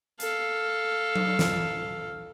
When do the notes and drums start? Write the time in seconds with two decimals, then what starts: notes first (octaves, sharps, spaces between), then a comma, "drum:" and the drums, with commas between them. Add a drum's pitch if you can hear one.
0.20 A4 F5, drum: hi-hat
1.16 drum: tom F#3
1.39 drum: snare